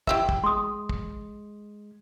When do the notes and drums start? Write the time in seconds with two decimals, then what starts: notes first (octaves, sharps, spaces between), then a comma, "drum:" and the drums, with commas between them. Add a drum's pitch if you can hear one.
0.07 E4 G4 E5, drum: kick
0.29 drum: kick
0.44 G#3 C6 D#6
0.89 drum: kick